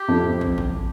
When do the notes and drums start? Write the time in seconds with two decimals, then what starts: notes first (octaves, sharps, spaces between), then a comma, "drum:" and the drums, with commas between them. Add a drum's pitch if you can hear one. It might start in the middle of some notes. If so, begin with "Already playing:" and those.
Already playing: G4
0.08 F2
0.41 drum: kick
0.58 drum: kick